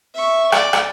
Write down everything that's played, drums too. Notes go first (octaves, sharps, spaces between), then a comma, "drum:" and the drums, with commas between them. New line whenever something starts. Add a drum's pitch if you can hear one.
E5 C#6
D5, drum: rim click
drum: rim click